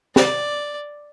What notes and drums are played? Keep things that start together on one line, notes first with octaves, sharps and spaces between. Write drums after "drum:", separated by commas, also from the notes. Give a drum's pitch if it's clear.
D5, drum: snare